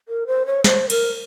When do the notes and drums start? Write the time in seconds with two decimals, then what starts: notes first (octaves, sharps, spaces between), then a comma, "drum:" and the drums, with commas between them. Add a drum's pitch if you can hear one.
0.09 A#4
0.27 C5
0.46 C#5
0.64 C5, drum: snare
0.90 A#4, drum: cymbal